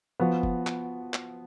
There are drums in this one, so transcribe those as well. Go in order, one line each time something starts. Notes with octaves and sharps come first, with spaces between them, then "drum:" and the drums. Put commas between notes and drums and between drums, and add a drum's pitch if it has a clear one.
F3 B3 F#4
drum: kick F#1
drum: clap
drum: clap